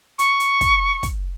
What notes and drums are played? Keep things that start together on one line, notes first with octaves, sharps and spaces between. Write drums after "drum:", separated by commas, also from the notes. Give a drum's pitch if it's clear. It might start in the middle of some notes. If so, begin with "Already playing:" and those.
C#6, drum: hi-hat
drum: hi-hat
drum: kick, hi-hat
drum: kick, hi-hat